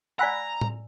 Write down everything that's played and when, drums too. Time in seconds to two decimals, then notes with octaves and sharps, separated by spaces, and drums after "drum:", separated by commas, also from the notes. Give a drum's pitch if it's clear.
0.19 D5 F#5 G#5 A#5 B5 E6
0.61 drum: tom A2